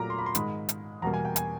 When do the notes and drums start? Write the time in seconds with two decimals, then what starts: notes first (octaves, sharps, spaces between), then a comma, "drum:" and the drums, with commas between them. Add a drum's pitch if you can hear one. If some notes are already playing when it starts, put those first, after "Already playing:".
Already playing: A#2 F#3 A3 A#5 D6 F6
0.10 C6
0.18 B5
0.26 C6
0.35 G#2 D#3 G#3 B5, drum: hi-hat
0.69 drum: hi-hat
1.02 E2 B2 G3 A#3 A#5
1.14 G#5
1.25 G5
1.36 G#5, drum: hi-hat